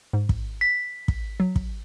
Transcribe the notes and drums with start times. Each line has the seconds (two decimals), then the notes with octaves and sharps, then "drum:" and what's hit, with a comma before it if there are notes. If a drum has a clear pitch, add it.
0.13 G#2
0.29 drum: kick
0.61 B6
1.08 drum: kick
1.40 F#3
1.56 drum: kick